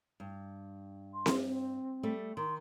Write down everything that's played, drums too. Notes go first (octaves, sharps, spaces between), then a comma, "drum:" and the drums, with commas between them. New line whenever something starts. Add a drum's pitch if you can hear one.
G2
C6
drum: snare C4
C4
G3 A3
D#3 C6